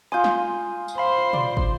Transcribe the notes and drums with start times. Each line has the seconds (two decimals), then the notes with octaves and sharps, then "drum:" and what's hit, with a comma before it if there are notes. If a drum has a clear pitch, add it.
0.12 F4 G#5 C6 D#6 G6
0.24 drum: snare
0.88 drum: tambourine
0.98 C5 F5 B5 C6
1.33 D5, drum: tom
1.57 drum: kick